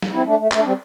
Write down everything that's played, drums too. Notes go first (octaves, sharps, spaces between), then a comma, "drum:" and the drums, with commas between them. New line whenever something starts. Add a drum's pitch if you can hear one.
drum: snare
C4 E4
A3 D4
A3
A3, drum: clap
D4
G3 C4